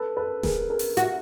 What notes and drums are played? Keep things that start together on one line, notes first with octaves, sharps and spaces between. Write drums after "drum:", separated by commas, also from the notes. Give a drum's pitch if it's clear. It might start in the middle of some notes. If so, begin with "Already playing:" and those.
Already playing: A4 B4
A4 B4
G#4 A#4, drum: snare D#1
G#4 A#4
drum: open hi-hat
F#4, drum: hi-hat